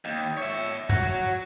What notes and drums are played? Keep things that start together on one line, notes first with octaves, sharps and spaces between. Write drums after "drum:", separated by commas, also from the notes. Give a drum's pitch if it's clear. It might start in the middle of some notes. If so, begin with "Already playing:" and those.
D#2
C#5 E5
F#4 C#5, drum: tom